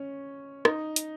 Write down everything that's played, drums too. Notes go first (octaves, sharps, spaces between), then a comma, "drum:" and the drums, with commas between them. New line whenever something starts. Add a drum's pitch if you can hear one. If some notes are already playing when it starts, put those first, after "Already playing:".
Already playing: C#4
D#4, drum: rim click
drum: hi-hat